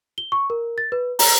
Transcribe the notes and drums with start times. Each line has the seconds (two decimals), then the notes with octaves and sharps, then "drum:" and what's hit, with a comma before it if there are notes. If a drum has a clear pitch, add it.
0.18 G7
0.32 C#6
0.50 A#4
0.78 A6
0.92 B4
1.19 A#5, drum: open hi-hat